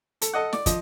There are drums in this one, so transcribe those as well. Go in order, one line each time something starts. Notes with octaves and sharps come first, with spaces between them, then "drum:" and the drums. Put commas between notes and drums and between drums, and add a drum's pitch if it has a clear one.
A4, drum: hi-hat
A4 D#5 F#5
D5, drum: snare
F3 D#5, drum: kick, hi-hat